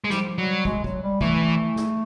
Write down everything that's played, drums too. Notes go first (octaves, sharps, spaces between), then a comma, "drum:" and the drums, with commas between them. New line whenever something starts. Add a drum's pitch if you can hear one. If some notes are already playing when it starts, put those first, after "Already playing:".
G#3
F3 G3, drum: snare
F#3 G3
G#3, drum: kick
F#3, drum: kick
G3
E3 A3, drum: kick
drum: snare